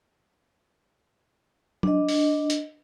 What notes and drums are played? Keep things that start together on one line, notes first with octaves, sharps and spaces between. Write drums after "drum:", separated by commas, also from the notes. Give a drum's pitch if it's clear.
D4 D#5, drum: tom F#3
drum: open hi-hat
drum: hi-hat